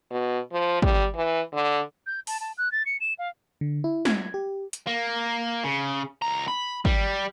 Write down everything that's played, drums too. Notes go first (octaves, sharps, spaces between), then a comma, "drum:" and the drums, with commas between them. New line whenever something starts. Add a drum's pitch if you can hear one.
B2
F3
G3, drum: kick
E3
D3
G6
A5, drum: open hi-hat
A5
F#6
A6
C#7
E7
F5
D3
E4
G#6, drum: snare
G4
drum: hi-hat
A#3
C#3
C#2 A#5
B5
G3, drum: kick